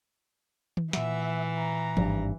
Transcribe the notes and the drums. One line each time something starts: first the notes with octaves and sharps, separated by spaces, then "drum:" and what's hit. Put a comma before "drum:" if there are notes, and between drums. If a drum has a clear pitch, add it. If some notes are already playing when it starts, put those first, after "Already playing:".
drum: tom D#3
A#2 E3 E5 F#5, drum: snare
A#5
G#1 G2, drum: tom E3